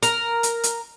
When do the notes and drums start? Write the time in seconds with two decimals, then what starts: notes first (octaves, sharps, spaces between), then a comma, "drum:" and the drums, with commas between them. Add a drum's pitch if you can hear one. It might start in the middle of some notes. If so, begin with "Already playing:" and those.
0.03 A#4, drum: hi-hat
0.43 drum: hi-hat
0.64 drum: hi-hat